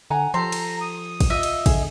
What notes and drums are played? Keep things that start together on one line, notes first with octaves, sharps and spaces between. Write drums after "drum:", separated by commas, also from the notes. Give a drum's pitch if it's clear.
D3 F#5 G#5 A#5
F3 G4 A4 A5 A#5 C6
drum: cymbal
D#6
drum: kick, cymbal
F4 D#5 E5
drum: cymbal
D3 G#4, drum: kick, cymbal